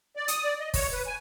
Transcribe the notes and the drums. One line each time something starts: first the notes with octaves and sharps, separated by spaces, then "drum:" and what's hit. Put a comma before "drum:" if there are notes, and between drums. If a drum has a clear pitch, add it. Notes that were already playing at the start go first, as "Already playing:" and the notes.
D5
D#6, drum: hi-hat
D5
D#5
C#5, drum: kick, open hi-hat
B4
G#5